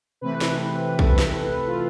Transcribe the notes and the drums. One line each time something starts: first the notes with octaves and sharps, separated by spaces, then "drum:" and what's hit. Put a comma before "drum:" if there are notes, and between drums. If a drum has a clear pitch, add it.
C3 E3 A3 C4 B4
drum: snare
C3 E3 A3 C4 A4, drum: kick A#1
drum: snare
F4